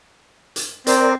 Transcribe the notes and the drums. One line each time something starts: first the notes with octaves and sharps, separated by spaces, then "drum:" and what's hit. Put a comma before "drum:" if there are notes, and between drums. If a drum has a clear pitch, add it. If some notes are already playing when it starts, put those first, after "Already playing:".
drum: hi-hat
C4 A#4 D5, drum: hi-hat